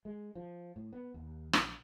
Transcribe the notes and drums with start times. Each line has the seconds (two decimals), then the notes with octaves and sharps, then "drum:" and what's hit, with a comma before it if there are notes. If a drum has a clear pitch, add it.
0.05 G#3
0.35 F3
0.76 A2
0.93 B3
1.14 D#2
1.53 A#1, drum: rim click